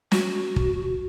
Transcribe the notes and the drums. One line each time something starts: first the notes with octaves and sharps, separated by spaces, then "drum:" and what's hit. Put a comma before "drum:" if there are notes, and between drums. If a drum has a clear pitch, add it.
F#4, drum: snare
drum: kick